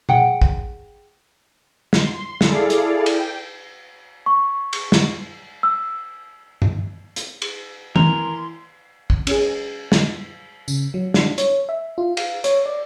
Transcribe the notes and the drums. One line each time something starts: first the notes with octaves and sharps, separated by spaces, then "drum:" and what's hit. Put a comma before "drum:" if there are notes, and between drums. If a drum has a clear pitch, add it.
G#4 F#5 G5, drum: tom B2
drum: kick
C6, drum: snare
E4 G#4 A4 D5 F5, drum: snare
drum: hi-hat
G5, drum: cymbal
C#6
drum: cymbal
drum: snare
E6
drum: tom G2
drum: hi-hat
drum: cymbal
E3 A#4 C6, drum: tom
drum: kick
C#4 G#4, drum: cymbal
drum: snare
C#3, drum: tambourine
F#3
D4, drum: snare
C#5, drum: hi-hat
E5
F4
F5, drum: cymbal
C#5, drum: hi-hat
D5